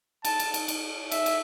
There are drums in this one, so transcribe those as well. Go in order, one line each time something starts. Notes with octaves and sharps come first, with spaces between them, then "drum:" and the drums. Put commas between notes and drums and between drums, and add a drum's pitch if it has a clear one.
A5, drum: cymbal
drum: cymbal
drum: cymbal
drum: cymbal
E5, drum: cymbal
drum: cymbal